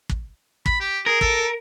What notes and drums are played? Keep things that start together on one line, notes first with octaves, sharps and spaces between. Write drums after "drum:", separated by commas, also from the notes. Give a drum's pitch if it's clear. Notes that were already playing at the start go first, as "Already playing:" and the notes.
drum: kick
B5, drum: kick
G4
G#4 A#4
A4, drum: kick